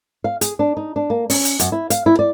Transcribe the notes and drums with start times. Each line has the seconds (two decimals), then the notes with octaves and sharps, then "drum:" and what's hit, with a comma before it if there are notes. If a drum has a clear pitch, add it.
0.24 F5
0.41 G#4, drum: hi-hat
0.59 D4
0.77 D#4
0.96 D4
1.10 A#3
1.30 C#4, drum: open hi-hat
1.45 drum: hi-hat
1.60 F#2, drum: hi-hat
1.72 E4
1.90 F5, drum: hi-hat
2.06 E4
2.19 D5